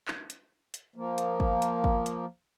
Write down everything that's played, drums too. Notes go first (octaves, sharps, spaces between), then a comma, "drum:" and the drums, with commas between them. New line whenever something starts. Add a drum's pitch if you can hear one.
drum: clap
drum: hi-hat
drum: hi-hat
F3 A#3
drum: hi-hat
drum: kick
drum: hi-hat
drum: kick
drum: hi-hat